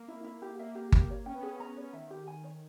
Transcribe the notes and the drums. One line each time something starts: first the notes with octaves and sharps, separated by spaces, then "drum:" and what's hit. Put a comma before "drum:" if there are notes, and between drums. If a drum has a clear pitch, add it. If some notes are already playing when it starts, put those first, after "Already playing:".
Already playing: A#3
E4
E4
G4
A#3 E5
G4
G4, drum: kick G1
C#5
C#4 G5
B3
C#4 G#4
A#5
C#5
D#3 E5
G4
G#5
C#5